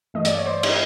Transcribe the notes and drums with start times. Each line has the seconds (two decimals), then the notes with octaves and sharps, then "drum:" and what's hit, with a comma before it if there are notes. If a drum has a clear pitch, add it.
0.14 G2 E3 A3 D#5
0.25 D5, drum: hi-hat
0.36 C#5
0.46 C5 D5
0.63 D#5, drum: cymbal